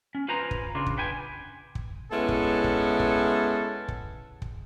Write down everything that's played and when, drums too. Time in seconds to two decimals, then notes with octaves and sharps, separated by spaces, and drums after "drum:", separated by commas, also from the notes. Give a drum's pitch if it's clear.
0.15 C#4
0.28 F4 B4 C5 G#5 A#5
0.51 drum: kick
0.75 C#3 D4 F4
0.86 drum: kick
0.98 B4 G5 G#5
1.75 drum: kick
2.11 G#3 B3 C#4 E4 A4
2.29 drum: kick
2.64 drum: kick
3.00 drum: kick
3.88 drum: kick
4.42 drum: kick